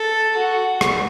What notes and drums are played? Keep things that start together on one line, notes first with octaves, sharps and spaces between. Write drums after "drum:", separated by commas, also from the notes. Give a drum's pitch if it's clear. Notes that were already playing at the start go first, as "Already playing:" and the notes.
Already playing: A4
F#4
drum: rim click